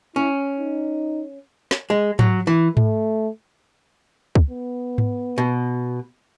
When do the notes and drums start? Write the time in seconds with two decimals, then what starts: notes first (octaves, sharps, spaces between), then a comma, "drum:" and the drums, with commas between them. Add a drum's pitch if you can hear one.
0.15 C#4 E4
0.59 D#4
1.71 drum: snare
1.90 G#3
2.19 F#3, drum: tom G#2
2.47 E3
2.77 A3, drum: tom G#2
4.35 drum: kick
4.50 B3
4.98 drum: tom G#2
5.38 B2